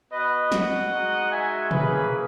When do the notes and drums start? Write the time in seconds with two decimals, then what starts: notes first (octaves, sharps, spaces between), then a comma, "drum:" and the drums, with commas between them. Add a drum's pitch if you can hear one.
0.12 B3 F#4 B4 D#5
0.52 D#5 F#5, drum: snare
0.92 G#3 D#4 F#4
1.31 E5 G#5
1.71 A#3 C#4 E4 G#4 B4, drum: tom